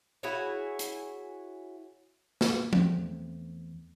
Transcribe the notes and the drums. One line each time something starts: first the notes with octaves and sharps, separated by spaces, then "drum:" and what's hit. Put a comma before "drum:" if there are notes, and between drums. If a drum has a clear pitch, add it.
E4 F#4 G#4 C#5
drum: hi-hat
drum: snare
E2 A3 C4, drum: tom F3